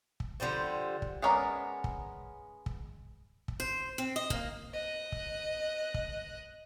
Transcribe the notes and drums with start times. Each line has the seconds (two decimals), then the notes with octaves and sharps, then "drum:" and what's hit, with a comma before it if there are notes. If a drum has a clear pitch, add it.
0.20 drum: kick
0.40 D3 F3 G3 C5
1.02 drum: kick
1.22 G#3 B3 C#4 A#4 D5
1.84 drum: kick
2.66 drum: kick
3.48 drum: kick
3.60 C5
3.98 C4
4.16 D#5
4.30 A#3, drum: kick
4.74 D#5 F#6
5.12 drum: kick
5.94 drum: kick